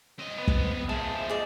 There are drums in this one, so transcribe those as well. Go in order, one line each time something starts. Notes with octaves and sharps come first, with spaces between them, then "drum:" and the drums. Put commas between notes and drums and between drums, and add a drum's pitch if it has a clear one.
C4 D#5
B3
drum: kick
A#2 G#3 G#4 C5 E5 A5
G#4 D5 D#5